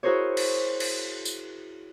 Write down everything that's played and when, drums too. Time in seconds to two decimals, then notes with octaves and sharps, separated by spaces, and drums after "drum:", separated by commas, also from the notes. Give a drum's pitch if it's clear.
0.03 E4 F#4 G#4 A#4 C5 C#5
0.37 drum: cymbal
0.80 drum: cymbal
1.25 drum: tambourine